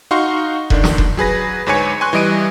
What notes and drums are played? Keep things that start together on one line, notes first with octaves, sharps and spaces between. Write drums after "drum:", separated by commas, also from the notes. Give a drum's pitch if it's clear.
D#4 F#4 F5 C6 C#6
D3 D#3 D4, drum: kick E1
drum: snare
drum: kick E1
F#3 G#4 B4 A#6
D2 G#2 B4 C#5 G#5 C#7
G#5 C6 C#6 F#6
E3 G3 D#5 D7 D#7